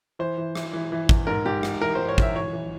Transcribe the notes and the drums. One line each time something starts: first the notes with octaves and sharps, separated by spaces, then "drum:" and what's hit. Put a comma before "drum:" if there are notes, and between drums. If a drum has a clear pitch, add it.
E3 C5
E3
E3, drum: rim click
E3
E3
E2, drum: kick
G#2 A#4
G#2 G4
G#2, drum: rim click
E3 A#4
G#2 C5
C#5
E3 E5, drum: kick
E3 C#5
E3